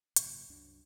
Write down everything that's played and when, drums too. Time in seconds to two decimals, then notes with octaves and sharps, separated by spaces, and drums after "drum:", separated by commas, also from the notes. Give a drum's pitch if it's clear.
0.16 G#1 F#2 A#2 C#3, drum: hi-hat
0.49 C2 F#2 F#3 D4